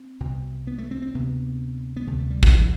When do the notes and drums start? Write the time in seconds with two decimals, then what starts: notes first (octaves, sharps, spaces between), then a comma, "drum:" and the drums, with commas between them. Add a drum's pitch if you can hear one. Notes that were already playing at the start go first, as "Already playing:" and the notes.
Already playing: C4
0.20 C2 B2
0.67 B3
0.78 A3
0.91 C4
1.02 C4
1.14 D2 C3 B3
1.96 B3
2.07 D2 C3 A3
2.19 A3
2.31 G3
2.43 E3, drum: kick
2.50 G3
2.54 F3